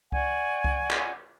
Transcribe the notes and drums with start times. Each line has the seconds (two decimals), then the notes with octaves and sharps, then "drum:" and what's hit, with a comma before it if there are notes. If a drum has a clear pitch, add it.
0.12 D5 F#5 G#5 C#6, drum: kick C2
0.64 drum: kick C2
0.91 drum: clap